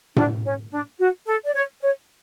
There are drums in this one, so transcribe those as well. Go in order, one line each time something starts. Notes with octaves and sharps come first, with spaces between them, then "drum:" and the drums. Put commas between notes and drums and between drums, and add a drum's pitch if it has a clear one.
D4, drum: tom A2
C#4
D4
F#4
A4
D5
C#5
C#5